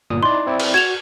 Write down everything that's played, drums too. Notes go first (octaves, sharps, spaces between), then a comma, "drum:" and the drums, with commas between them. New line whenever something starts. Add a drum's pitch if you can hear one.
G1 A#2 D#6
D#4 E4 D5 C6
C4 E4 D5
drum: cymbal
F#4 G#6 E7 F7